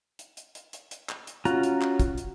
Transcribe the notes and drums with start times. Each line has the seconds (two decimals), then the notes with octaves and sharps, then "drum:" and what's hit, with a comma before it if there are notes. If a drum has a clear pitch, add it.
0.19 drum: hi-hat
0.37 drum: hi-hat
0.55 drum: hi-hat
0.73 drum: hi-hat
0.91 drum: hi-hat
1.09 drum: clap
1.27 drum: hi-hat
1.45 C#4 F4 F#4 A#5, drum: hi-hat
1.63 drum: hi-hat
1.81 drum: clap
2.00 drum: kick, hi-hat
2.18 drum: hi-hat